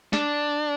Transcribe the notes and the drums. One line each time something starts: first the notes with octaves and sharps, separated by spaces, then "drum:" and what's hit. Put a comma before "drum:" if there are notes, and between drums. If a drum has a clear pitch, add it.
D4, drum: snare